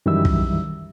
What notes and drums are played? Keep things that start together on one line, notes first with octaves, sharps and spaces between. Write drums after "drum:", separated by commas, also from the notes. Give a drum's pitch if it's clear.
F#2 D#3 E3 G3 E5 E6
drum: kick